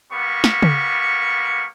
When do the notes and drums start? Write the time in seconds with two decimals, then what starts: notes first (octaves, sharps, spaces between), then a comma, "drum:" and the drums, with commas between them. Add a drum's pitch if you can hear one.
0.12 G3 A#3 B3 C#6
0.44 drum: snare
0.62 drum: tom C#3